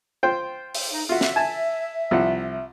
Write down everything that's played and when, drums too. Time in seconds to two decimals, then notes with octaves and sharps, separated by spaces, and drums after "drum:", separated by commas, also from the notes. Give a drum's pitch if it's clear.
0.23 F4 C5 G5
0.75 drum: open hi-hat
0.92 D#4
1.09 F4 F#4 E5
1.21 drum: snare
1.36 G#5 A5
2.11 C2 F3 F#5